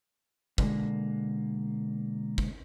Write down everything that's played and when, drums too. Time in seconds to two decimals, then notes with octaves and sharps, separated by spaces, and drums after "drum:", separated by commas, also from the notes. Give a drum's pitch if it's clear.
0.58 B2 D3 G#3 A#3, drum: kick
2.38 drum: kick